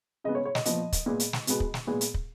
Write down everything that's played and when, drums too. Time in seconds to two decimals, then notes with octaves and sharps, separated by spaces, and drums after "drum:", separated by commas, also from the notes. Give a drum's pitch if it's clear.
0.24 C#3 G#3 B3 D#5
0.35 C#5
0.45 C#5
0.55 D#5, drum: snare
0.65 A#2 F3 B3 D#5, drum: hi-hat
0.93 drum: kick, hi-hat
1.06 A#2 G#3 B3
1.20 drum: hi-hat
1.33 drum: snare
1.47 B2 G#3 B3, drum: hi-hat
1.60 drum: kick
1.74 drum: snare
1.87 A#2 G#3 B3
2.01 drum: hi-hat
2.14 drum: kick